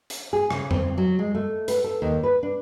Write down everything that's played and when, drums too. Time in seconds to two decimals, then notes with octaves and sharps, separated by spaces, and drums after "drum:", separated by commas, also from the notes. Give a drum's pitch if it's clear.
0.10 drum: hi-hat
0.33 G#4
0.51 C#3, drum: rim click
0.71 C4, drum: tom F2
0.98 F#3
1.19 G#3
1.35 A3
1.68 B4, drum: hi-hat
1.84 A4
2.02 D#2
2.23 B4
2.43 D4